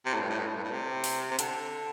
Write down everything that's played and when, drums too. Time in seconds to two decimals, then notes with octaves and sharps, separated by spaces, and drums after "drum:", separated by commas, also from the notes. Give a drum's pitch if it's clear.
0.06 C3
0.14 A2
0.21 G2
0.30 A2
0.39 G2
0.46 A2
0.55 G2
0.64 A2
0.72 C3
1.04 drum: open hi-hat
1.31 C3
1.39 D3, drum: hi-hat